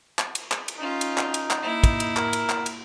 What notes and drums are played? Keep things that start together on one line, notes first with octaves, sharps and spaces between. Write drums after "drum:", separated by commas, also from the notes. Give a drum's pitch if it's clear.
drum: clap
drum: cymbal
drum: clap
drum: cymbal
C#4 D#4 F4
drum: cymbal
drum: clap
drum: cymbal
drum: clap
A#3 E4
drum: kick, cymbal
drum: cymbal
A#4, drum: clap
drum: cymbal
drum: clap
drum: cymbal